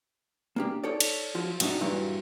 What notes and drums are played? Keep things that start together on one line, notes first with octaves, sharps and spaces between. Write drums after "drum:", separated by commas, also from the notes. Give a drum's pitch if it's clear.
A#3 D4 G4
D#4 A4 C#5 D5
drum: cymbal
F3 F#3 F4
A2 F#3 C4 D4 D#4, drum: cymbal
G2 A#2 E3 F#3